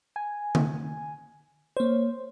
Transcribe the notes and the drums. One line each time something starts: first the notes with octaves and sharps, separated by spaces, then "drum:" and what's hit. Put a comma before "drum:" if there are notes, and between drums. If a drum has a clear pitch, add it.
G#5
drum: tom D3
A#3 C5 C#5